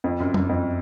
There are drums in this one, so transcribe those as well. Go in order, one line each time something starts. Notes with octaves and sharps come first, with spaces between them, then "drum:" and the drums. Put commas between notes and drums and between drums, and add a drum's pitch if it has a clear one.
F2
F#2
F#2, drum: tom
F2